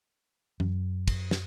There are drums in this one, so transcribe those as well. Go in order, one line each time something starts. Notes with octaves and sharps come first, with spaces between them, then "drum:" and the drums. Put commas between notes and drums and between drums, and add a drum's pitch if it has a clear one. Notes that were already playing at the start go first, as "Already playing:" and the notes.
F#2, drum: tom
drum: kick, cymbal
drum: snare